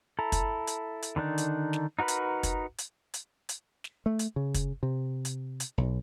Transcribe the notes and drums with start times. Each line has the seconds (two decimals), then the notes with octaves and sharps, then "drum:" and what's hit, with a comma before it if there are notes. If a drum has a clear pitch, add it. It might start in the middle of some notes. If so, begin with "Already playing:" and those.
0.19 E4 A4 A#5
0.32 drum: kick, hi-hat
0.67 drum: hi-hat
1.03 drum: hi-hat
1.16 D3 D#3 D4 D#4
1.38 drum: hi-hat
1.73 drum: snare
1.99 D#4 F#4 A#4 B4 B5
2.08 drum: hi-hat
2.43 drum: kick, hi-hat
2.79 drum: hi-hat
3.14 drum: hi-hat
3.49 drum: hi-hat
3.84 drum: snare
4.06 A3
4.19 drum: hi-hat
4.36 C#3
4.55 drum: kick, hi-hat
4.83 C3
5.25 drum: hi-hat
5.60 drum: hi-hat
5.78 B1